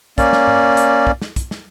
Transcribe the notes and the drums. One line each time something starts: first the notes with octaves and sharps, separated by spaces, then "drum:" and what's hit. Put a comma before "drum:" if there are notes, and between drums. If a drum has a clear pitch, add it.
A#3 C#4 D5, drum: kick, hi-hat
drum: snare
drum: tom G#2
drum: hi-hat
drum: kick
drum: snare
drum: kick, hi-hat
drum: snare